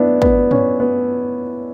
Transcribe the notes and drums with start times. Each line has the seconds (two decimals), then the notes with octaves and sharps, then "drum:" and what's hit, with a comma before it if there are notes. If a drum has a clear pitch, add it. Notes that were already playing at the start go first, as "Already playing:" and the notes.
Already playing: B3 D4 E4
0.22 B3, drum: kick
0.51 C#4, drum: tom
0.80 B3